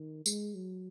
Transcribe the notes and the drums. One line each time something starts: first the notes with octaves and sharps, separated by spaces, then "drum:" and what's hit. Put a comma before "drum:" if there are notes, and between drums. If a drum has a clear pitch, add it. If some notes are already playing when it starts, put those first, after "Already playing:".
Already playing: D#3
G#3, drum: tambourine
F#3